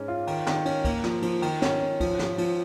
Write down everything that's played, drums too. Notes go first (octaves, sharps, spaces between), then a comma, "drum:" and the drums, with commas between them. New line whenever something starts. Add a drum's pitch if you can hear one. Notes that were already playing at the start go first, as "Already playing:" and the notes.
Already playing: G#2 C#4
F4
D#3, drum: cymbal
D#3, drum: snare
C#4, drum: cymbal
A#3, drum: kick, cymbal
F3, drum: snare
F3, drum: cymbal
D#3, drum: cymbal
C#4, drum: snare
C#4
F3, drum: kick, cymbal
F3, drum: snare
F3, drum: cymbal